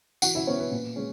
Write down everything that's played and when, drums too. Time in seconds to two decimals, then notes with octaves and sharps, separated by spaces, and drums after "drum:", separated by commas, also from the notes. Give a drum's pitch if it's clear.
0.22 E3 F#4 F#5, drum: tambourine
0.35 E4 E5
0.47 B3 C#4 C#5
0.59 B4
0.71 A#2
0.96 G#3 C#4